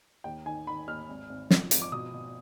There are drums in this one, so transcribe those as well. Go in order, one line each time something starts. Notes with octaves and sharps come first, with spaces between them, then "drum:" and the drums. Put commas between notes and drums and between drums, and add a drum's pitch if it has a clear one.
D#2 G5
D#3 G#5
D#3 B5
D#2 F6
G#1
G#1
F3, drum: snare
G#1, drum: hi-hat
D6
B2 D#6
B2